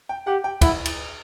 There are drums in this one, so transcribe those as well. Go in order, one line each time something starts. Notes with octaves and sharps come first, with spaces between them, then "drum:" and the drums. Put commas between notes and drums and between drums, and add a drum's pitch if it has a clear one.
G5
G4 F#5
G5
E4 F#5, drum: kick, cymbal
drum: cymbal